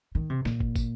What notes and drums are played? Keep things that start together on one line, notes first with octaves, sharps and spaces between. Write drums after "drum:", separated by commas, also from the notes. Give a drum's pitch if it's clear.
D#3
C3
A#2, drum: snare
drum: kick
drum: kick, tambourine